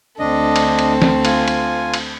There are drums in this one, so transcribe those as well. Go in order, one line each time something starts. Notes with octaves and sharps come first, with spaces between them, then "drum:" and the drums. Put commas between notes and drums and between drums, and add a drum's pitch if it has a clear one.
D2 C4 D4 A4 D#5
drum: cymbal
drum: cymbal
drum: snare
F4 G#5, drum: cymbal
drum: cymbal
drum: cymbal